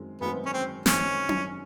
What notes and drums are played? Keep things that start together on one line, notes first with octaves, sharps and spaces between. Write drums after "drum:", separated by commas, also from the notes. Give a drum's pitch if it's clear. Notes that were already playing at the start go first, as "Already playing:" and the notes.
Already playing: F#2 D#3 G#3 C4
F#2 D#3 G#3 B3 C4
C#4
C4
F#2 D#3 G#3 C4 C#4, drum: snare
drum: tom C#4